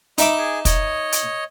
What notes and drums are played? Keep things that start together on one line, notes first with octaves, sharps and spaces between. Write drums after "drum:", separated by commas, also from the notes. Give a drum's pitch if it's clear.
D#4 D#5 E5 B5 D6, drum: hi-hat
G#4 G#5
C#5 D#5, drum: kick, hi-hat
drum: hi-hat